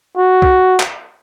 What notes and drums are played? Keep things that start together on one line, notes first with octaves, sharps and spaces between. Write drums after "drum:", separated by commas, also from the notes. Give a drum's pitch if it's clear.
F#4
drum: kick C2
drum: clap